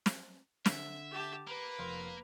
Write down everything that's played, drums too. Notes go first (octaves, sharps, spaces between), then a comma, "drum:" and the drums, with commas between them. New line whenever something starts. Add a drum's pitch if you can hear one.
drum: snare
D3 E5, drum: snare
G4 A5
A#3 B4
F1 A#4 C6